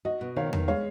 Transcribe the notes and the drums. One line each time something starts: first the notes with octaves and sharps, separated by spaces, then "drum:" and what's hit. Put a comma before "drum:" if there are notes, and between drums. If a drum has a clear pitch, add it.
F#4 D#5
B2
D#3 C#5 F5
D#3, drum: tom E2
G#3 C#5 F5